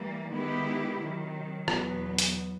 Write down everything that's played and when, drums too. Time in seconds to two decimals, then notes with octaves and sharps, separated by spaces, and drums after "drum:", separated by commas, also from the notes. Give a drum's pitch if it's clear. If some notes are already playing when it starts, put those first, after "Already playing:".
Already playing: E3 G3 A#3
0.31 D#3 G#3 B3 E4 G4
0.99 C3 D#3 F#3
1.68 E2 B2 F#3 B3, drum: rim click
2.18 drum: hi-hat